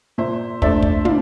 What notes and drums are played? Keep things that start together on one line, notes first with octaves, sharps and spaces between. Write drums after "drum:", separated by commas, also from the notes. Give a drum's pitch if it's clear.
A#2 C5 E5
A3 D4 A4 C5 D5 E5, drum: kick
drum: kick
A#2 D5 F5, drum: tom